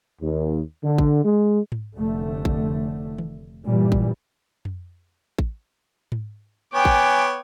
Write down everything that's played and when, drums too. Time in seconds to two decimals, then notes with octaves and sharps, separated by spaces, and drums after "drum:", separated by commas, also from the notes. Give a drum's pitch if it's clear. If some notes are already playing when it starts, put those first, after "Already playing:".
0.21 D#2
0.83 D3
0.98 drum: kick A1
1.23 G#3
1.72 drum: tom G#2
1.96 F1 D3 A3
2.45 drum: kick A1
3.18 drum: tom D#3
3.65 G2 A#2 E3 G3
3.92 drum: kick A1
4.65 drum: tom F2
5.38 drum: kick A1
6.12 drum: tom G#2
6.74 B3 C#5 G5 G#5 D6
6.85 drum: kick A1